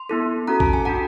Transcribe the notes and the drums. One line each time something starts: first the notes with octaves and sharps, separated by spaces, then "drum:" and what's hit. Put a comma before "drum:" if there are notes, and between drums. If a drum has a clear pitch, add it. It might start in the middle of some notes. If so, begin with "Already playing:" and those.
Already playing: C6
B3 E4 A4
C#4 F#4 A4 A#5
A5, drum: kick
G#5
D4 F#4 A4 F#5